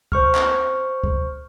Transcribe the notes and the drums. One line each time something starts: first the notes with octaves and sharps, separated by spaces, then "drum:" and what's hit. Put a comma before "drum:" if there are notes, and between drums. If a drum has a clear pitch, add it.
C5 C#6 F6, drum: kick C#2
drum: clap
drum: kick C#2